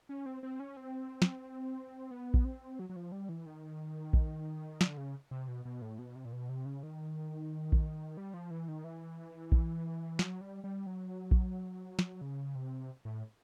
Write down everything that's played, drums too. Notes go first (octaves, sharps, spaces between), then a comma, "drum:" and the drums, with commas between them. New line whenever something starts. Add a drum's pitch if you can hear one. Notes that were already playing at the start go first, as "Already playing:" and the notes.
C#4
C4
C4
C#4
C4
drum: snare
B3
drum: kick A#1
C4
F#3
F#3
F3
G3
E3
D#3
drum: kick A#1
D3, drum: snare
C#3
C3
B2
B2
A2
B2
C3
A#2
B2
C3
C#3
D#3
drum: kick A#1
G3
F3
E3
D#3
E3
drum: kick A#1
F#3, drum: snare
G3
G3
F#3
drum: kick A#1
drum: snare
C#3
C3
A2